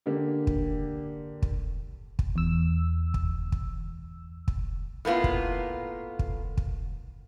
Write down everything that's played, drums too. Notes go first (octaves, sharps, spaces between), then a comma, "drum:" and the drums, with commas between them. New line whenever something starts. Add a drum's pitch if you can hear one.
D3 A#3 G4
drum: kick
drum: kick
drum: kick
E2 E6
drum: kick
drum: kick
drum: kick
A2 A#3 B3 F4
drum: kick
drum: kick
drum: kick